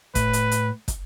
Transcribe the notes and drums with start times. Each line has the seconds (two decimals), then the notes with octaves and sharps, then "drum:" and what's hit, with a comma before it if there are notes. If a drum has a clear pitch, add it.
0.15 A2 B4, drum: kick, hi-hat
0.33 drum: hi-hat
0.51 drum: hi-hat
0.88 drum: kick, hi-hat